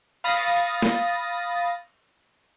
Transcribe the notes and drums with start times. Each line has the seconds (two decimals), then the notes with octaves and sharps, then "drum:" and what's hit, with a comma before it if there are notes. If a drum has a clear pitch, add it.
0.24 F5 B5 D#6 A6 A#6
0.34 drum: cymbal
0.82 drum: snare